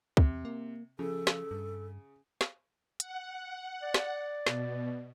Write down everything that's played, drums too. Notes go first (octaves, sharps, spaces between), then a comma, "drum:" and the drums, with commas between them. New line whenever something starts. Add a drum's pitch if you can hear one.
E2 C3, drum: kick
A#3
C#3 F3 A4
drum: snare
G2
drum: snare
F#5, drum: hi-hat
D5
drum: snare
B2, drum: snare